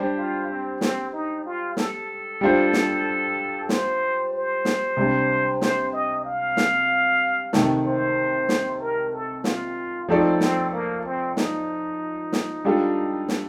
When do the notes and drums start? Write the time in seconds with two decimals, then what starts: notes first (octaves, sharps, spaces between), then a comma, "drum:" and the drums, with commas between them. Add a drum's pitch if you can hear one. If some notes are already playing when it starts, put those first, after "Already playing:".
Already playing: G3 D4 G4 C5
0.17 F4
0.49 C4
0.81 C4, drum: snare
1.13 D#4
1.45 F4
1.77 A4, drum: snare
2.41 G3 D4 F4 C5
2.73 drum: snare
3.69 C5, drum: snare
4.33 C5
4.65 drum: snare
4.97 C3 G3 D4
5.61 C5, drum: snare
5.93 D#5
6.25 F5
6.57 drum: snare
7.53 C3 D#3 A3, drum: snare
7.85 C5
8.49 drum: snare
8.81 A#4
9.13 A4
9.44 F4, drum: snare
10.09 F3 A3 C4 D#4 A4 D5
10.41 C4, drum: snare
10.72 A#3
11.04 C4
11.37 D#4, drum: snare
12.32 drum: snare
12.65 G3 D4 F4 A4
13.28 drum: snare